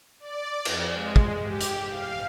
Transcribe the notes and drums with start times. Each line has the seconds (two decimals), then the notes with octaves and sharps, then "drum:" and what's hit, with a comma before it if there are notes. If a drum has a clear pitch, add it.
0.20 D5
0.65 F2, drum: cymbal
0.94 G#3
1.16 drum: kick
1.44 G4
1.61 drum: hi-hat
1.88 F5